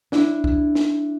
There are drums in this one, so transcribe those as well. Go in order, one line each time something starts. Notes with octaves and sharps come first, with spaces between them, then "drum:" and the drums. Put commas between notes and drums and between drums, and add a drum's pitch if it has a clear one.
D4 E4, drum: snare
drum: kick C2
drum: snare